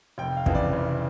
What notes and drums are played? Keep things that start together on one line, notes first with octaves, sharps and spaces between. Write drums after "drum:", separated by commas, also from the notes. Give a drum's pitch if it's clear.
F1 G5
F5
F2 C#3 E3, drum: kick
D5
F1